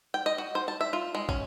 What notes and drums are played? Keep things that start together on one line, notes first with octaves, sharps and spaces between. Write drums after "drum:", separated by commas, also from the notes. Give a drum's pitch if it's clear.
G5
D#5
F#4
C5
A5
E5
F4
G#3
C#4, drum: kick